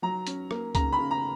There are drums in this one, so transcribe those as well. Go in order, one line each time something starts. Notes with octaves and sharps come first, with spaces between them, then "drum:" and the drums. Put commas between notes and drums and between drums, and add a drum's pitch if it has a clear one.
F#3 A#5
C#4, drum: hi-hat
A#3, drum: rim click
C#3 A#5, drum: kick C#2, hi-hat
B5
C#3
A#5